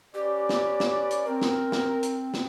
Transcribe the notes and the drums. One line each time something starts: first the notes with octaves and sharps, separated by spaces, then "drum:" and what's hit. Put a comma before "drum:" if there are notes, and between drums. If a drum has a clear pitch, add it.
C#4 G4 B4 D5
drum: snare
drum: snare
drum: hi-hat
C4 A#4
drum: snare
drum: snare
drum: hi-hat
drum: snare